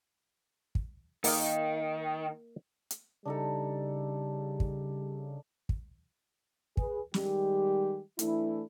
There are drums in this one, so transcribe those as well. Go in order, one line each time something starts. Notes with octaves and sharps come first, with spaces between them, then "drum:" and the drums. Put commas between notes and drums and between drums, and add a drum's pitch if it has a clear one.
drum: kick
D#3 A#3 D#5 F5, drum: open hi-hat
drum: hi-hat
C#3 G3 D4 D#4 A4
drum: kick
drum: kick
G#4 B4, drum: kick
D#3 G3 G#3 G4, drum: snare
E3 A3 D4 E4, drum: hi-hat